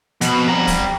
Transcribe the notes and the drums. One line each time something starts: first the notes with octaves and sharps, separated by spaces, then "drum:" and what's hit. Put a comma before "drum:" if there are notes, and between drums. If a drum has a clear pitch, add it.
F2 B2 B5, drum: hi-hat
G3 A#5
drum: kick, open hi-hat